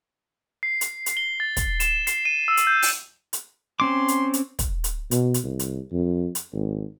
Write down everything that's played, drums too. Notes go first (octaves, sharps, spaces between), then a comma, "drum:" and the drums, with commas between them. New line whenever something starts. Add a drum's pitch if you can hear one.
C7
drum: hi-hat
drum: hi-hat
G7
A6
drum: kick, hi-hat
E7, drum: hi-hat
C7, drum: hi-hat
D#7
E6
drum: hi-hat
G6
drum: open hi-hat
drum: hi-hat
C4 C#4 C6 D6
drum: hi-hat
drum: hi-hat
drum: kick, hi-hat
drum: hi-hat
B2, drum: hi-hat
drum: hi-hat
C2
drum: hi-hat
F2
drum: hi-hat
G#1